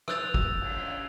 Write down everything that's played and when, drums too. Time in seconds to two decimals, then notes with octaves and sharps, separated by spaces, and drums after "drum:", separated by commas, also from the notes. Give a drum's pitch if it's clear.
0.08 D#6 E6 F#6 G6 A6 F7, drum: rim click
0.34 drum: kick
0.61 drum: cymbal